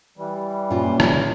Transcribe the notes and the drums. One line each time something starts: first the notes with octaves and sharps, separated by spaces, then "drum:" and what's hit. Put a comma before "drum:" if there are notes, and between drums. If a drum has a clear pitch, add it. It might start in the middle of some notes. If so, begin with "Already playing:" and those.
E3 G3
A#2 C#4 F4
drum: rim click